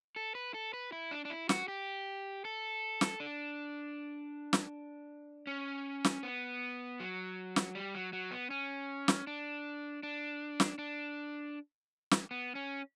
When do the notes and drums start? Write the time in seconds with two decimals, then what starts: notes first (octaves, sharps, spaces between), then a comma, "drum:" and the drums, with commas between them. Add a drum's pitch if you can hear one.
0.16 A4
0.35 B4
0.54 A4
0.74 B4
0.92 E4
1.11 D4
1.25 D4
1.30 E4
1.49 F#4, drum: snare
1.68 G4
2.45 A4
3.01 drum: snare
3.20 D4
4.53 drum: snare
5.47 C#4
6.04 drum: snare
6.23 B3
7.00 F#3
7.56 drum: snare
7.75 G3
7.95 F#3
8.13 F#3
8.32 B3
8.50 C#4
9.08 drum: snare
9.27 D4
10.03 D4
10.60 drum: snare
10.78 D4
12.11 drum: snare
12.31 B3
12.55 C#4